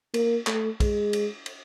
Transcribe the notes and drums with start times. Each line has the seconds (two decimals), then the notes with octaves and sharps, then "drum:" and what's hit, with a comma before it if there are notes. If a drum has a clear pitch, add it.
0.14 A#3, drum: cymbal
0.47 A3, drum: clap
0.80 G#3, drum: kick, cymbal
1.13 drum: cymbal
1.46 drum: cymbal